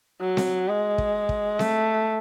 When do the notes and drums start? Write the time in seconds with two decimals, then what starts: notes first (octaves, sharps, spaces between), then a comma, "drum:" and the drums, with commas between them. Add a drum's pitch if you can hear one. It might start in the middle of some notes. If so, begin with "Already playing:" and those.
0.21 F#3
0.37 drum: snare C4
0.67 G#3
0.98 drum: kick
1.29 drum: kick
1.59 A3, drum: snare C4